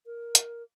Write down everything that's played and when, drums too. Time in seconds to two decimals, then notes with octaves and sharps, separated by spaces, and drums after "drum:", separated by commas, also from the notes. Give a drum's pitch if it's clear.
0.06 A#4
0.35 drum: hi-hat